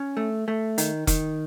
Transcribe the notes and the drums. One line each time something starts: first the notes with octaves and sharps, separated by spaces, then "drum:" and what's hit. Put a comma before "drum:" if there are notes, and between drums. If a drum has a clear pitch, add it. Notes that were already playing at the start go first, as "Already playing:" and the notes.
Already playing: C#4
A3
A3
D#3, drum: hi-hat
D#3, drum: kick F1, hi-hat